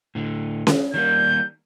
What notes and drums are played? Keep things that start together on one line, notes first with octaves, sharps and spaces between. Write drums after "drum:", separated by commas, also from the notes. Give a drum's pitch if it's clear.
A2 D3
drum: snare C#4
D#3 G3 A#3 G6